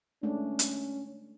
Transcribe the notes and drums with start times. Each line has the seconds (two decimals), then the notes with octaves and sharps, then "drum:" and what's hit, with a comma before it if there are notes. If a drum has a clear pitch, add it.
0.23 G#3 A3 C#4 D4
0.59 drum: hi-hat